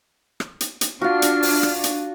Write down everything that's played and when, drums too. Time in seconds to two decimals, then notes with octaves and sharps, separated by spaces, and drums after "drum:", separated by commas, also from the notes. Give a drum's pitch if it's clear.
0.40 drum: rim click
0.61 drum: hi-hat
0.81 drum: hi-hat
1.02 D4 F4 F#4 F6
1.22 drum: hi-hat
1.43 drum: open hi-hat
1.63 drum: rim click
1.84 drum: hi-hat